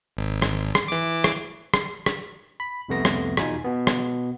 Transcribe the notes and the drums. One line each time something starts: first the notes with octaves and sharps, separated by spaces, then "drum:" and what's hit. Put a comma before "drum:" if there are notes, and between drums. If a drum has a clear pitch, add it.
G#1
drum: rim click
drum: rim click
E3 D6
drum: rim click
drum: rim click
drum: rim click
B5
C2 F2 C3 A3 B3 A#6
drum: rim click
E2 B2 D#4 F4 G#5, drum: rim click
B2 B3
drum: rim click